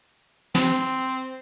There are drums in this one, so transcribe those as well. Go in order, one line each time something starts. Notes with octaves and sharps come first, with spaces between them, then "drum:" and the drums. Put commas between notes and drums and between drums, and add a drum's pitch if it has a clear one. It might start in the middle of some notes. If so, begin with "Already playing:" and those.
C4, drum: snare